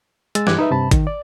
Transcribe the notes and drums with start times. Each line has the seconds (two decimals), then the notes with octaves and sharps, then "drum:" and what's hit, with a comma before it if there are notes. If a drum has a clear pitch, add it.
0.35 G#3 E6 A6, drum: hi-hat
0.47 G2 E3 G4 D6 F#6 G#6, drum: snare
0.58 D#4 B4 E5
0.71 G2 C3 A5 B5
0.91 D#3, drum: kick, hi-hat
1.07 D5